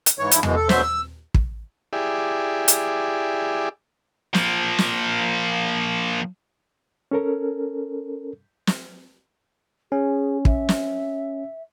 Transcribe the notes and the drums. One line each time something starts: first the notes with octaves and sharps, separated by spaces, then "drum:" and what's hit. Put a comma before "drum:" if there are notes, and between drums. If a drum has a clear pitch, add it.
drum: hi-hat
G#2 E3 C#5
G#2 F3 E4, drum: hi-hat
F#2 B2 E3 G#3, drum: tom E2
A4
D2 B2 F#3 C5 E5 C6, drum: snare
E6
drum: kick
E4 G4 G#4 D5
drum: hi-hat
F3 A#3, drum: snare
drum: snare
C#4 A4 A#4
drum: snare
C#4 G#4
E5, drum: kick
drum: snare